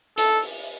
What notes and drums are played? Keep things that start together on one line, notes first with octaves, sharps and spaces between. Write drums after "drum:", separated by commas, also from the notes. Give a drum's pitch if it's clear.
A4, drum: hi-hat
drum: open hi-hat